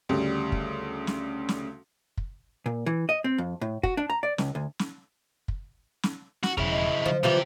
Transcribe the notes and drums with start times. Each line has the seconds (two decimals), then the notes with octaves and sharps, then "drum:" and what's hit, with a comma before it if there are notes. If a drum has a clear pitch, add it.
0.09 D2 C#3 G3
0.52 drum: kick
1.07 drum: snare
1.49 drum: snare
2.17 drum: kick
2.66 A#2
2.86 E3
3.09 D#5
3.24 C4
3.38 F2
3.61 A2
3.83 F#4, drum: kick
3.97 D4
4.10 A#5
4.23 D5
4.38 C#2, drum: snare
4.55 D2
4.79 drum: snare
5.48 drum: kick
6.03 drum: snare
6.43 F#4, drum: snare
6.57 E1 F#2 C#3 F3 E4
6.71 D#5
7.06 D3 F3 F#3
7.23 C3 E3 F3 G3 F4 G4